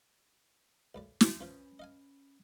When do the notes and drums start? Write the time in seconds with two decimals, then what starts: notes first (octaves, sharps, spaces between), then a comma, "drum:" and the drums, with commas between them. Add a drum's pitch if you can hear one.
0.95 B1 F#2 D5
1.21 drum: snare
1.41 F3 C#4 F4 B4
1.79 D#5 F5 G#5